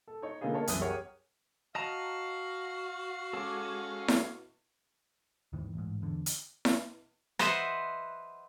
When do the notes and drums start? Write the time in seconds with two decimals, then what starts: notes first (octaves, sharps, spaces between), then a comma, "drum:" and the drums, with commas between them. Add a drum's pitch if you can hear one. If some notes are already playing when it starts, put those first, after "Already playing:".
0.08 A4
0.22 D#4 C#5
0.41 D3 A#3 B3 D#4 F4 G#4
0.54 A#3 A#4 C#5 A5
0.67 C2 F#2 E3 D#6 F#6 D#7, drum: hi-hat
0.81 G4 G#4 A#4 C#5 F#5
1.75 F#4 D#5 F5 A5 A#5
3.33 G#3 C#4 A4 D6
4.08 drum: snare E4
5.53 D#2 G#2 D#3 E3
5.74 A1 G#2
6.02 E2 D3
6.26 drum: hi-hat
6.65 drum: snare E4
7.39 B4 C5 D#5 E5 F#5, drum: rim click